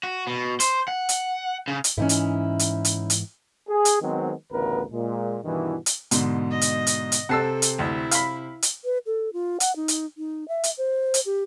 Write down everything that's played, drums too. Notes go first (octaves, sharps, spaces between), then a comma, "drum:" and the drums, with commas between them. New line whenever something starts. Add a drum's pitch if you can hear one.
F#4
B2
C5, drum: hi-hat
F#5
drum: hi-hat
C#3
drum: hi-hat
G#2 E3 C#4 D#4 E4
drum: hi-hat
drum: hi-hat
drum: hi-hat
drum: hi-hat
G#4
drum: hi-hat
D#3 F#3 G#3 B3 C4
A1 D2 C#3 B3 A#4 B4
A#2 G#3
G2 B2 D#3 E3
drum: hi-hat
G#2 B2 D3, drum: hi-hat
D#5
drum: hi-hat
drum: hi-hat
drum: hi-hat
C3 C4 A4 F#5 A5 E6 C7
drum: hi-hat
D2 E4
F5 B5, drum: hi-hat
drum: hi-hat
B4
A4
F4
F#5, drum: hi-hat
D#4
drum: hi-hat
D#4
E5
drum: hi-hat
C5
drum: hi-hat
G4